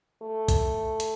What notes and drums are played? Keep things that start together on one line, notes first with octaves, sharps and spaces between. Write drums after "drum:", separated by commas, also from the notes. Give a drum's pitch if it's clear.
A3
drum: kick C2, hi-hat
drum: hi-hat